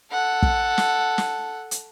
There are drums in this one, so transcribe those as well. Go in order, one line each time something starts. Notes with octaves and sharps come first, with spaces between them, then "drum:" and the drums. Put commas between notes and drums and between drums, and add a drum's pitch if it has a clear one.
A4 F#5
drum: kick
drum: snare
drum: snare
drum: hi-hat